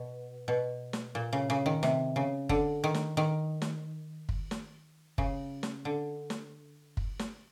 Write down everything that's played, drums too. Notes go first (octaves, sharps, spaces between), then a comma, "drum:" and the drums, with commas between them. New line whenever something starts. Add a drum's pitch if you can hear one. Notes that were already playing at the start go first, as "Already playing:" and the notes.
Already playing: B2
B2
drum: snare
A#2
C#3
C#3
D#3
C3, drum: snare
C#3
D3, drum: kick
D#3
drum: snare
D#3
drum: snare
drum: kick
drum: snare
C#3, drum: kick
drum: snare
D3
drum: snare
drum: kick
drum: snare